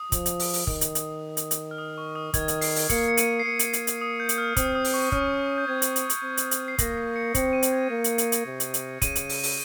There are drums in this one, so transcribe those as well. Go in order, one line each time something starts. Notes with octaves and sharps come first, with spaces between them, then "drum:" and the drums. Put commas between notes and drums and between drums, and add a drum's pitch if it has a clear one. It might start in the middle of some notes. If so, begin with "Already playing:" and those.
Already playing: D#6
F3, drum: kick, hi-hat
drum: hi-hat
drum: open hi-hat
drum: open hi-hat
D#3 D#6, drum: kick
drum: hi-hat
drum: hi-hat
drum: hi-hat
drum: hi-hat
F6
D#6
C#6
D#6
D#3 G#6, drum: kick, hi-hat
drum: hi-hat
C7, drum: open hi-hat
drum: open hi-hat
A#3 C#7, drum: kick, hi-hat
C#7
D#7, drum: hi-hat
C7
A#3 C#7
drum: hi-hat
C7, drum: hi-hat
drum: hi-hat
D#6
G6
drum: hi-hat
F6
C4 D#6, drum: kick, hi-hat
D#6
drum: open hi-hat
C#6
C#4 F6, drum: kick
F6
G6
C4 G#6
drum: hi-hat
drum: hi-hat
drum: hi-hat
C4
drum: hi-hat
drum: hi-hat
C7
A#3 A#6, drum: kick, hi-hat
C7
C#7
C4 C#7, drum: kick, hi-hat
D#7
drum: hi-hat
G#6
A#3 D#7
drum: hi-hat
drum: hi-hat
drum: hi-hat
C3
drum: hi-hat
drum: hi-hat
C#3 D#7, drum: kick, hi-hat
drum: hi-hat
drum: open hi-hat
drum: open hi-hat